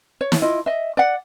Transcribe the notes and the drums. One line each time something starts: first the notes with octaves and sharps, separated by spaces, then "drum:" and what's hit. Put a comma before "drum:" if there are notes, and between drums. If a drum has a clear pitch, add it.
C#5
drum: snare
E4 F4 D#5
D#5 E5
D5 F#5